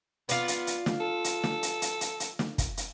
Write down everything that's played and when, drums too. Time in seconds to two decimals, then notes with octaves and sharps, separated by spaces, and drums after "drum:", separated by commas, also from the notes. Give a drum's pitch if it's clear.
0.29 B3 F4 D5, drum: hi-hat
0.48 drum: hi-hat
0.67 drum: hi-hat
0.86 drum: snare
1.00 A4
1.24 drum: hi-hat
1.44 drum: snare
1.63 drum: hi-hat
1.82 drum: hi-hat
2.01 drum: hi-hat
2.20 drum: hi-hat
2.39 drum: snare
2.58 drum: kick, hi-hat
2.77 drum: hi-hat